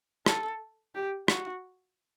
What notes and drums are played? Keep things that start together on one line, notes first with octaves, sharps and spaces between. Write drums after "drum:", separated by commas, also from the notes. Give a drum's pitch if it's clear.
A4, drum: rim click
G4
F#4, drum: rim click